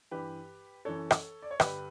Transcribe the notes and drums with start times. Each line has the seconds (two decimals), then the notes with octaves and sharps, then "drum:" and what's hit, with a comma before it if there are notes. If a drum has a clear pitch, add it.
0.11 G2 E3 G4 B4
0.85 F#2 E3 A4 C#5
1.11 drum: rim click
1.42 D5
1.51 C#5
1.60 G2 D3 G4 B4, drum: rim click